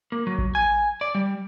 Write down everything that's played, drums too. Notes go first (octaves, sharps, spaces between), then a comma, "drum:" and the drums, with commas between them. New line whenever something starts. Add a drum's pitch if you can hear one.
A#3
F#3
drum: kick A1
G#5
D5
G3